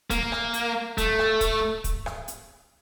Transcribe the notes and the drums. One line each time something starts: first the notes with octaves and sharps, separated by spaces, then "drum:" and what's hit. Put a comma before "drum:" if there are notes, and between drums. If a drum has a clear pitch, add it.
A#3, drum: kick, hi-hat
drum: rim click
drum: hi-hat
A3, drum: kick, hi-hat
drum: rim click
drum: kick, hi-hat
drum: kick, hi-hat
drum: rim click
drum: hi-hat